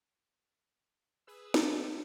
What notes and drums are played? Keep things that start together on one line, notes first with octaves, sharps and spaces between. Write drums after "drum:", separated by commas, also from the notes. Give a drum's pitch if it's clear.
G#4 B4 E6
C4 G4 A4 B4, drum: snare